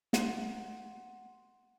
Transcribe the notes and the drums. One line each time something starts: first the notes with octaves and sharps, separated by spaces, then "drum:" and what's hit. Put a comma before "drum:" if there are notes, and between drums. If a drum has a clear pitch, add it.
F#5 C6, drum: snare